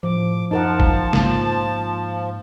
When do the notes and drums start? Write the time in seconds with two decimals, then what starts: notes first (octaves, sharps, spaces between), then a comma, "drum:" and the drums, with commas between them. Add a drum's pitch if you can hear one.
0.03 A2 F3 D6
0.51 F#2 F3 D#4 A#4 F#5 A5
0.80 drum: kick G#1
1.13 G#2 A#3, drum: snare